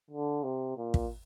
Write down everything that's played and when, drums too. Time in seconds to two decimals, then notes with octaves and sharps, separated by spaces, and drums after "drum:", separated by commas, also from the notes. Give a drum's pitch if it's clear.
0.10 D3
0.43 C3
0.77 A#2
0.94 drum: kick